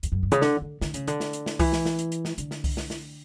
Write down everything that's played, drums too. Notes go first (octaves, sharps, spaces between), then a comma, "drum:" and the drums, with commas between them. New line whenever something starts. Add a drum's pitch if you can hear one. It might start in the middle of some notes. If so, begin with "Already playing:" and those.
E2, drum: hi-hat
F#2
G2
C#3, drum: hi-hat
D3, drum: snare
D3
D3, drum: snare
C#3, drum: hi-hat
D3, drum: hi-hat
drum: snare
drum: hi-hat
drum: snare
E3, drum: kick C2, open hi-hat
drum: snare
drum: snare
drum: hi-hat
drum: hi-hat
drum: snare
D3, drum: hi-hat
drum: snare
drum: kick C2, open hi-hat
drum: snare
drum: snare